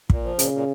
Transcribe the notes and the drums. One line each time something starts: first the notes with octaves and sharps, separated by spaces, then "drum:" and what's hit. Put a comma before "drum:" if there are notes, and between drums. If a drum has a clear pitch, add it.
A#2, drum: kick
F3
A#2 C#3, drum: hi-hat
A#2